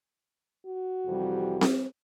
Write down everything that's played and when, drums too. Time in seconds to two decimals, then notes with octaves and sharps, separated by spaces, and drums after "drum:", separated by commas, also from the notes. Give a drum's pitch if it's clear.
0.64 F#4
1.06 F2 C3 E3 G3
1.61 drum: snare C4